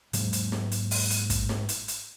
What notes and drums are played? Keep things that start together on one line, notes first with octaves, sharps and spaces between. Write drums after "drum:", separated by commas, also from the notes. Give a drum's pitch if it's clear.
G#2 F#3 G#3 A#3, drum: hi-hat
drum: hi-hat
drum: snare
drum: hi-hat
drum: open hi-hat
drum: hi-hat
drum: kick, hi-hat
drum: snare
drum: hi-hat
drum: hi-hat